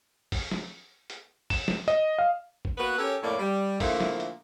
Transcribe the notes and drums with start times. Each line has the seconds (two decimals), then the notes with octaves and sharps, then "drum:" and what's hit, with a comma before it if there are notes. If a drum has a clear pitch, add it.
0.32 drum: kick, open hi-hat
0.51 drum: snare
1.10 drum: hi-hat
1.50 E7, drum: kick, open hi-hat
1.68 drum: snare
1.88 D#5, drum: hi-hat
2.18 F5
2.65 drum: kick
2.78 A#3 B3 F#4 B4
2.99 C#4 G4 A4 A#4 C#5
3.23 F2 A2 A#3 C#5 D5
3.39 G3
3.80 A#2 D3 F3 A3 A#3 E4, drum: kick, open hi-hat
4.01 drum: snare
4.20 drum: hi-hat